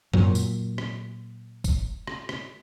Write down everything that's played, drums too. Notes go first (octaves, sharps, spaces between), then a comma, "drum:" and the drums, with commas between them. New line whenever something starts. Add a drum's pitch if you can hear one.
A#2 F#3, drum: tom F#2
drum: tambourine
drum: rim click
drum: kick, tambourine
drum: rim click
drum: rim click